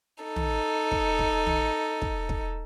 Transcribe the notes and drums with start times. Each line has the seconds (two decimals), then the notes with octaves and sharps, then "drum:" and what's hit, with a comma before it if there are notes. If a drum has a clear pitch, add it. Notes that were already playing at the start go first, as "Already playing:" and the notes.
0.22 D#4 A4
0.36 drum: tom
0.91 drum: kick
1.19 drum: kick
1.46 drum: tom
2.02 drum: kick
2.29 drum: kick